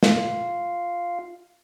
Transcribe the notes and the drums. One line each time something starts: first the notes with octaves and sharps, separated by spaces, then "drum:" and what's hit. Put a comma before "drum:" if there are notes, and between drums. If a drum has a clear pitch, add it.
F4 F5, drum: snare